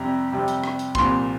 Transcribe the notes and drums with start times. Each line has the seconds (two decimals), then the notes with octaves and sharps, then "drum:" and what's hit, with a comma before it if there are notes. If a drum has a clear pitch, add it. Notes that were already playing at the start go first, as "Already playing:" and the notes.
Already playing: F2 C3 G3 A#5
0.32 F2 C3 G3
0.48 drum: hi-hat
0.64 drum: rim click
0.79 drum: hi-hat
0.95 C2 A#2 F3 C6, drum: kick